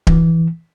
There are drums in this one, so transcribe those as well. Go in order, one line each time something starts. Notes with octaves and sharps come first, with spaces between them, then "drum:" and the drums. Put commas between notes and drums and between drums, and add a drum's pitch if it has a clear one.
E3, drum: kick D1